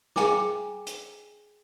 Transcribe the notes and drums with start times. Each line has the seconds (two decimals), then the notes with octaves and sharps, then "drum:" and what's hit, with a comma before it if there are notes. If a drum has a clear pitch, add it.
0.16 G#4 F5 G5 G#5 A#5 D6, drum: snare
0.87 drum: hi-hat